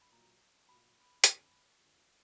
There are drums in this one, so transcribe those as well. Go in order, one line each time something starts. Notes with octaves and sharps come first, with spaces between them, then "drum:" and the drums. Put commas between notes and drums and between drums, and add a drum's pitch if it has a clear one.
B5
A#2 F#3 A#5
A#2 F#3 B5
F2 D3 F3, drum: hi-hat
F2 D3 F3